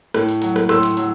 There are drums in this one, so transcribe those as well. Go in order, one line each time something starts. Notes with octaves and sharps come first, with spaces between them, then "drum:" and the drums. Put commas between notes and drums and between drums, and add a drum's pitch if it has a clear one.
A2, drum: rim click
drum: hi-hat
F#3, drum: hi-hat
drum: rim click
A2 C6 E6, drum: rim click
drum: hi-hat
F#3, drum: hi-hat